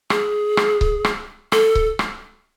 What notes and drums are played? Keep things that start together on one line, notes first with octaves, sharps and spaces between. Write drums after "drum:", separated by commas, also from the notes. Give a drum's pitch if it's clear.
G#4, drum: rim click
drum: rim click
drum: kick C#1
drum: rim click
A4, drum: rim click
drum: kick C#1
drum: rim click